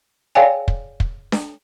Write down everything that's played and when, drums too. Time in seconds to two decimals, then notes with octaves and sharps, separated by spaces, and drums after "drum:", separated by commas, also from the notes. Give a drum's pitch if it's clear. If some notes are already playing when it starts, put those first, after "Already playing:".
0.35 G#4 C#5 D5 F5 G5 G#5
0.68 drum: kick
1.00 drum: kick
1.32 drum: snare D4